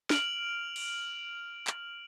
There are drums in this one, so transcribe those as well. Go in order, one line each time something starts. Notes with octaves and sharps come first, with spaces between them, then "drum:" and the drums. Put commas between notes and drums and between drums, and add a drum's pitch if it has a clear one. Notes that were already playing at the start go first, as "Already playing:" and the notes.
F6 D7 F7 F#7, drum: snare
drum: cymbal
drum: clap